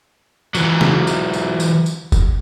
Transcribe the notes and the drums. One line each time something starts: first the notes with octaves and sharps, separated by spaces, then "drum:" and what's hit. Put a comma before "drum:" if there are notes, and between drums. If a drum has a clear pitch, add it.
E3 F#3, drum: tambourine
drum: snare
drum: tambourine
drum: tambourine
drum: tambourine
drum: tambourine
drum: kick, tambourine